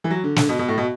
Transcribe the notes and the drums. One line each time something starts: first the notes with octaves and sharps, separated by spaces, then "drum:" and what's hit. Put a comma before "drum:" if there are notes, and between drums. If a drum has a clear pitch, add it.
E3
F#3
D3
D3, drum: snare
B2
B2
A2
B2